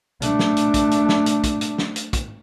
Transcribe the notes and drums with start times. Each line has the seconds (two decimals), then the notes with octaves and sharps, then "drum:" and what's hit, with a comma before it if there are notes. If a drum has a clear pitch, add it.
0.22 A3 D4, drum: hi-hat
0.39 drum: snare
0.57 drum: hi-hat
0.74 drum: kick, hi-hat
0.91 drum: hi-hat
1.09 drum: snare
1.26 drum: hi-hat
1.44 drum: kick, hi-hat
1.61 drum: hi-hat
1.78 drum: snare
1.96 drum: hi-hat
2.13 drum: kick, hi-hat